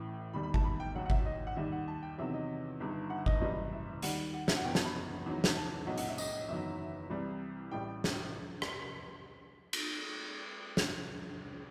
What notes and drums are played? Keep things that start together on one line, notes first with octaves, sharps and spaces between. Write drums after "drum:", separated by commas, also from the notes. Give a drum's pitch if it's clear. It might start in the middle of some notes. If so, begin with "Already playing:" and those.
Already playing: A1 A2 E3
E1 D#2 D#3 G3 B5
B5
A5, drum: kick G1
B5
G5
D#2 D#3 F#3 F#5
F#5
E5, drum: kick G1
D#5
F#5
D#2 D#3 G3 E5
F#5
A5
G5
E2 C3 D#3 F#3 E5
D#5
G1 G2 D#3
F#5
D#5, drum: kick G1
F#1 F#2 E3 G3 D#5
E5
D#2 D#3 G3 F#5, drum: hi-hat
F#5
E5, drum: snare
F#5
F#1 E2 B2 G5
A5, drum: snare
B5
E2 D#3 F#3
drum: snare
A5
B1 A2 F#3 F#5
F#5, drum: hi-hat
E5
D#5, drum: tambourine
F#1 E2 D#3 F#3 E5
C2 C3 E3 G3
A1 A2 G3 G5
drum: snare
drum: rim click
drum: cymbal
drum: snare